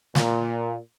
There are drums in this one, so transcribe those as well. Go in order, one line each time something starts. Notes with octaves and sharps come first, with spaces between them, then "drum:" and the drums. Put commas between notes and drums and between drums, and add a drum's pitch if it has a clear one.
A#2, drum: snare